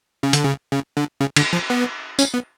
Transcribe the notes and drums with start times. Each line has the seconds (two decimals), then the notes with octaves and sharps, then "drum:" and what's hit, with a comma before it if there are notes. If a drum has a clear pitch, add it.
0.23 C#3
0.33 D3, drum: hi-hat
0.44 C#3
0.72 C#3
0.97 D3
1.21 C#3
1.36 D3, drum: cymbal
1.53 F3
1.70 B3
2.19 C#4, drum: tambourine
2.34 B3